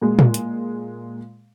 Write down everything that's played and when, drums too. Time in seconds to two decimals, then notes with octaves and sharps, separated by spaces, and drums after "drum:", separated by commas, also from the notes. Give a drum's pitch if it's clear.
0.02 A#2 G#3
0.19 drum: tom
0.34 drum: hi-hat